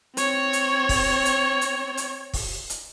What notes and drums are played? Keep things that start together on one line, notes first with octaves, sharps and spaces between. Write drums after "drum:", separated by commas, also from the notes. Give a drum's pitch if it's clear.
C4 C#5, drum: hi-hat
drum: hi-hat
drum: kick, open hi-hat
drum: hi-hat
drum: hi-hat
drum: hi-hat
drum: kick, open hi-hat
drum: hi-hat